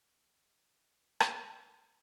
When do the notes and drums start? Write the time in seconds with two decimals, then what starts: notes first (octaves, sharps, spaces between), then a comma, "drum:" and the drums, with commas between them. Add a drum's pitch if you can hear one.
0.10 D2 C#3 F3 A#3 C#4 B4
0.86 G#1 G#2 D#3 G3
1.20 drum: rim click
1.62 A1 A2 F#3 B3 C5